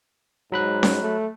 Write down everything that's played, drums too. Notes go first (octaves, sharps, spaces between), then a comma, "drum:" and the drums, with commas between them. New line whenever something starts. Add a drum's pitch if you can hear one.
G#2 F#3 B5 F#6
drum: snare C#4
A3